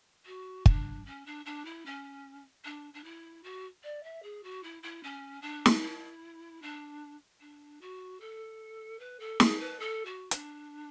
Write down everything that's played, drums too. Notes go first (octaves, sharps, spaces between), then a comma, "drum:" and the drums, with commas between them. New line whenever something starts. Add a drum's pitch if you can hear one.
F#4
D4, drum: kick
C#4
D4
D4
E4
C#4
D4
D4
E4
F#4
D5
E5
G#4
F#4
E4
E4
C#4
D4
drum: snare
E4
D4
D4
F#4
A4
B4
A4
G#4, drum: snare
B4
A4
F#4
D4, drum: hi-hat